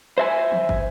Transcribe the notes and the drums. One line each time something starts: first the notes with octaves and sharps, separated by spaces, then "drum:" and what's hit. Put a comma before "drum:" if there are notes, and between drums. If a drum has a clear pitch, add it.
C5 E5 G#5
drum: tom
drum: kick